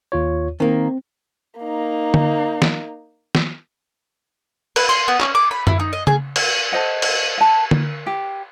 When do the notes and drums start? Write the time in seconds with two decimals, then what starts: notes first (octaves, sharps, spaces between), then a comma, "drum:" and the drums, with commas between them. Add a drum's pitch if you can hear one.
0.12 D#2 F4 C#5
0.60 D#3 A#3 C4
1.59 A#3 D#4
2.14 drum: tom D3
2.62 drum: snare
3.35 drum: snare
4.76 B4, drum: cymbal
4.89 C6
5.08 B3
5.21 C#4, drum: clap
5.35 D6
5.51 B5
5.67 E4, drum: tom F#2
5.80 D#4
5.93 D#5
6.07 G#4, drum: tom C#3
6.36 drum: cymbal
6.72 A4 C5 D#5 F#5
7.02 drum: cymbal
7.38 F#5 A5
7.71 A#4, drum: tom D3
8.06 G4